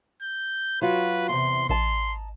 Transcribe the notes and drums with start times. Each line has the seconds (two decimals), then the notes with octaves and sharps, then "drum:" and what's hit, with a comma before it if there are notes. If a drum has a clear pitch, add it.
0.22 G6
0.82 F#3 F4 F#4 B4
1.29 E2 C3 C6
1.69 D#5 A5 A#5 C6, drum: kick A1